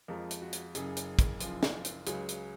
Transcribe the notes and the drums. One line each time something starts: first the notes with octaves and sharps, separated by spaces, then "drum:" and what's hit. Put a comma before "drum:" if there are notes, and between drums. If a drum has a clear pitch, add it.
F2 F3 G#3 A#4
drum: hi-hat
F#4
drum: hi-hat
F#1 F#2 C#3 G#4, drum: hi-hat
drum: hi-hat
drum: kick, hi-hat
F#1 F#2 F3, drum: hi-hat
drum: snare
drum: hi-hat
C#2 C#3 F#3 G#4, drum: hi-hat
drum: hi-hat